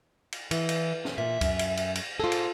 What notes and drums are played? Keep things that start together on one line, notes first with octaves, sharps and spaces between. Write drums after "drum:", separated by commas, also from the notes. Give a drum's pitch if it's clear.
drum: cymbal
E3, drum: cymbal
drum: cymbal
drum: snare
A#2 E5
F#2, drum: kick C#2, cymbal
drum: cymbal
drum: cymbal
drum: cymbal
F4 G#4 A4 C5
drum: cymbal